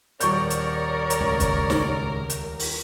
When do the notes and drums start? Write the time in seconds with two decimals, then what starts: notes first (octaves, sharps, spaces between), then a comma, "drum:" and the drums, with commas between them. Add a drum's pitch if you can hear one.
0.20 D#1 A#4 C#5 D5 C#6 G6, drum: hi-hat
0.50 drum: hi-hat
1.10 drum: hi-hat
1.20 C#2 A2
1.40 drum: kick, hi-hat
1.70 drum: snare
2.30 drum: hi-hat
2.59 drum: open hi-hat